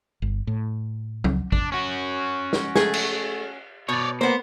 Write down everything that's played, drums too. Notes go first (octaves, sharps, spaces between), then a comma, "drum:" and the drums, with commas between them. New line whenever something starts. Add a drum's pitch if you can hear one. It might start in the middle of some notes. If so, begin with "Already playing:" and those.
G1
A2
C#2, drum: tom F#3
D4, drum: kick G#1
C#4 F#4
drum: snare
A3 G#4, drum: snare
drum: cymbal
B2 C#5 D5
A#3 B3 C5